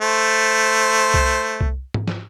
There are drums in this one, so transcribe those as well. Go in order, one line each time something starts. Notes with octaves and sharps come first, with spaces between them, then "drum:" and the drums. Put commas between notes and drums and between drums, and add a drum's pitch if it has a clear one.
A3 C5
drum: kick C2
drum: kick C2
drum: tom G#2
drum: snare